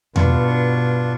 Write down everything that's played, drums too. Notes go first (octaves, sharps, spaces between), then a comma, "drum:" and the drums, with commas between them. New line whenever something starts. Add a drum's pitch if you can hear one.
G2 B2 D4 F4 C#6, drum: tom E2